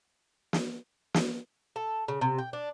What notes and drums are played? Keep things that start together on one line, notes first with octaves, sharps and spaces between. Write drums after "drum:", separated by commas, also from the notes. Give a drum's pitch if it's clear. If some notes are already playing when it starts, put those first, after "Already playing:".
drum: snare
drum: snare
A4
C#3
C3
G5
D4